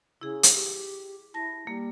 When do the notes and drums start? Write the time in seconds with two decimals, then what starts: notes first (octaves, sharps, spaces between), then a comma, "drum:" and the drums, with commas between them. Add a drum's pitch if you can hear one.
0.21 C#3 E4 G#4
0.43 drum: hi-hat
0.54 G4
1.34 E4 A5 A#6
1.67 G3 A#3